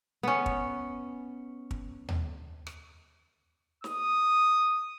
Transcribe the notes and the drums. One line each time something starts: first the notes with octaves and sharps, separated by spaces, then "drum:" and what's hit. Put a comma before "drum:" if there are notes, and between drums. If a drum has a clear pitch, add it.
B3 C#4
drum: kick
drum: kick
drum: tom D#2
drum: rim click
D#6, drum: snare